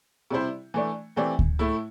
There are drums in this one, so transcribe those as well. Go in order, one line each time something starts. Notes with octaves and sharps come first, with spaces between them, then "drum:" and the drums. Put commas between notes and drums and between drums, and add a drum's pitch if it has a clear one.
C3 G3 E4 C5
E3 A3 D4
E3 A3 C4 G4 D5
drum: kick D2
A2 A3 E4